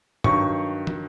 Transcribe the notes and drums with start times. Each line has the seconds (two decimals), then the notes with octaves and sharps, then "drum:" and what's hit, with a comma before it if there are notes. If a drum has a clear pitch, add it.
0.24 G2 D#3 F#3 C#6, drum: tom
0.87 drum: tom